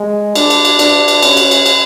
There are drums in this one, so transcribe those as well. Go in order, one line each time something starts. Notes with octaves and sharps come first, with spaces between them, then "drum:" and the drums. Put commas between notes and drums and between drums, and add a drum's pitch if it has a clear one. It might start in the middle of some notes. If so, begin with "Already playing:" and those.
Already playing: G#3
D4, drum: cymbal
drum: cymbal
drum: cymbal
D4, drum: cymbal
drum: cymbal
C#4, drum: cymbal
drum: cymbal
drum: cymbal
drum: cymbal